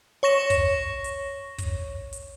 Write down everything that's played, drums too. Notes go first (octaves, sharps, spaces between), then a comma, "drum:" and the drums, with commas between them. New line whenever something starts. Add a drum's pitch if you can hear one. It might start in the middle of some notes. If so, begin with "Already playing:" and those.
C#5 C#6 A#6 E7
drum: kick, hi-hat
drum: hi-hat
drum: kick, hi-hat
drum: hi-hat